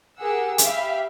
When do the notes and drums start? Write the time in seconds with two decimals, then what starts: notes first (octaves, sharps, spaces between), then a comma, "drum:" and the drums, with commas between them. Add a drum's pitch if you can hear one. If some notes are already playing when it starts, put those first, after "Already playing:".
0.19 G4 G#4 A#4 F#5 E6
0.58 G4 E5 F5 B5, drum: hi-hat